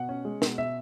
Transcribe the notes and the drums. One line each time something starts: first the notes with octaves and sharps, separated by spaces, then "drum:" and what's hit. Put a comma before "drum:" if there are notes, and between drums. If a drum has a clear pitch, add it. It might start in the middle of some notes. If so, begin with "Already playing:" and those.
Already playing: B2 F#5
C#4
G#3
B2, drum: snare
B2 E5